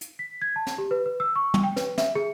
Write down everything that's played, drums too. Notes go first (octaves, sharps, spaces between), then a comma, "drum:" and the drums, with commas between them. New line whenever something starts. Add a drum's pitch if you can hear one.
drum: hi-hat
B6
G#6
A5
drum: snare
G4
B4
B4
E6
C#6
drum: tom
G5
B4, drum: snare
E5, drum: snare
G#4